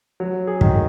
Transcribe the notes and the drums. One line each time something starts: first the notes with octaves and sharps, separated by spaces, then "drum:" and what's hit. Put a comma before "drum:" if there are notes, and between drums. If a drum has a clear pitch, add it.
F#3
G#4
D#3, drum: kick